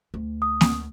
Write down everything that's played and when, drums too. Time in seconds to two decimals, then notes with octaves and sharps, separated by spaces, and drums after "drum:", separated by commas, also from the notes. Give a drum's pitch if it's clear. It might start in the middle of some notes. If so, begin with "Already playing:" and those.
0.14 D2
0.42 D#6
0.61 drum: snare A#3